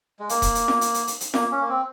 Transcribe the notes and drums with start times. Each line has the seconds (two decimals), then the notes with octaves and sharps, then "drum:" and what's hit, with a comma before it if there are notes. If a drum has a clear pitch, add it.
0.19 G#3
0.29 A#3, drum: hi-hat
0.42 drum: kick D#1, hi-hat
0.55 drum: hi-hat
0.68 drum: snare
0.81 drum: hi-hat
0.94 drum: hi-hat
1.07 drum: hi-hat
1.21 drum: hi-hat
1.34 A#3, drum: snare
1.51 C#4
1.61 A#3
1.69 C4